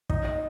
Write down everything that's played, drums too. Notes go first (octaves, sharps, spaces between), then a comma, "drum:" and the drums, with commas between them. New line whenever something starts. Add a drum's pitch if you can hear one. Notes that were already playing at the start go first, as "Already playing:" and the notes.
D#4 D#5, drum: kick
D#4 D#5